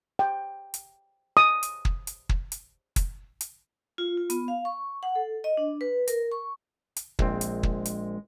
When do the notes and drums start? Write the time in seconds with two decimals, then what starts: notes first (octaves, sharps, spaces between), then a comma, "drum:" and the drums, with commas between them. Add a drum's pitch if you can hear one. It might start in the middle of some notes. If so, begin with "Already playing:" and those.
0.19 G5
0.74 drum: hi-hat
1.37 D#6
1.63 drum: hi-hat
1.85 drum: kick
2.07 drum: hi-hat
2.29 drum: kick
2.52 drum: hi-hat
2.96 drum: kick, hi-hat
3.41 drum: hi-hat
3.98 F4
4.18 F4
4.30 B3, drum: hi-hat
4.48 F5
4.65 C#6
5.03 F#5
5.15 A4
5.44 D#5
5.57 D4
5.81 B4
6.08 A#4, drum: hi-hat
6.32 C#6
6.97 drum: hi-hat
7.19 A#1 G#3 C4, drum: kick
7.41 drum: hi-hat
7.63 drum: kick
7.85 drum: hi-hat